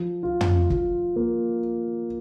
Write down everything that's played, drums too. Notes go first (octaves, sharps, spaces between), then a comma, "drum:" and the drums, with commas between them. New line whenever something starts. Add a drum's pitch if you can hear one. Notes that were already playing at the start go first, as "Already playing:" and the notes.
Already playing: F3
F4
drum: tom
F4, drum: kick
A#3